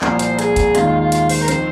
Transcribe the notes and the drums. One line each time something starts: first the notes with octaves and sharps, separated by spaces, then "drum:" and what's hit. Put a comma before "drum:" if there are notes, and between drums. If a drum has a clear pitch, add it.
C2 A#2 F3 C5, drum: clap
C5, drum: hi-hat
G#4, drum: hi-hat
drum: kick G1, hi-hat
D#2 D#3 G#3 D#4 F4, drum: hi-hat
F4
F4
F4, drum: hi-hat
C5, drum: open hi-hat
A#4
F3 C4 D#4 C5, drum: hi-hat